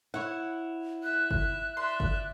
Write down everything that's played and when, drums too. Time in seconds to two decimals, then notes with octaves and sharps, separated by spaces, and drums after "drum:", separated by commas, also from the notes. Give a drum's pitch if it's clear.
0.14 E4 C#5 F#5
1.03 E5 F#6
1.31 drum: kick G1
1.77 D5 E5 C6
2.00 drum: kick G1